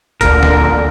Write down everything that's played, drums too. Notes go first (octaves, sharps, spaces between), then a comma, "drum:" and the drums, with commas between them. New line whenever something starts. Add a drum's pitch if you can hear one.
D2 A#2 D3 A#4, drum: kick, hi-hat
drum: snare